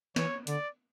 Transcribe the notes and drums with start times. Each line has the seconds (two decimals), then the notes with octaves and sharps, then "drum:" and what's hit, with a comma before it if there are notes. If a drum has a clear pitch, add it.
0.16 E3 C#5, drum: snare
0.47 D3 D5, drum: hi-hat